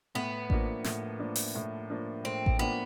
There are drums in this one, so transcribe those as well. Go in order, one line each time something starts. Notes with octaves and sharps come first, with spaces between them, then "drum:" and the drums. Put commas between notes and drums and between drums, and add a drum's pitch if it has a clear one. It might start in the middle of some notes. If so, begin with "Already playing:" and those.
A2 B3
F3 A#3 D4, drum: kick A1
A2, drum: snare
F3 A#3 D4
drum: open hi-hat
A2
F3 A#3 D4
A2 C4
drum: kick A1
F3 A#3 B3 D4